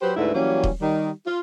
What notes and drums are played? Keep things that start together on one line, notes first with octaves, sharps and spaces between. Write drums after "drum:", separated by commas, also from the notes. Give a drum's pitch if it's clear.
F#3 G4 B4 C5
D2 G#2 D3 D#4 E4 B4
E3 F#3 G3 A#3 C#4
drum: kick D#1
D#3 G3
F4